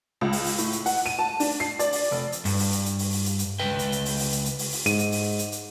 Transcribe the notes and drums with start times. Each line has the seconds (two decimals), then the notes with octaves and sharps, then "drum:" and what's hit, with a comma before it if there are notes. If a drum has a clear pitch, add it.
0.21 C#2
0.32 drum: open hi-hat
0.46 drum: open hi-hat
0.58 A2, drum: hi-hat
0.72 drum: hi-hat
0.86 F#5, drum: open hi-hat
1.06 D#7
1.19 A5
1.40 D4, drum: open hi-hat
1.60 C7
1.79 D5, drum: hi-hat
1.92 drum: open hi-hat
2.11 F1
2.32 drum: hi-hat
2.45 G2, drum: open hi-hat
2.59 drum: open hi-hat
2.72 drum: hi-hat
2.86 drum: hi-hat
2.99 drum: open hi-hat
3.12 drum: open hi-hat
3.26 drum: hi-hat
3.39 drum: hi-hat
3.60 C#2 B4 G5
3.79 drum: hi-hat
3.92 drum: hi-hat
4.06 drum: open hi-hat
4.19 drum: open hi-hat
4.32 drum: hi-hat
4.45 drum: hi-hat
4.59 drum: open hi-hat
4.72 drum: open hi-hat
4.86 G#2 D#7, drum: hi-hat
4.99 drum: hi-hat
5.12 drum: open hi-hat
5.39 drum: hi-hat
5.52 drum: hi-hat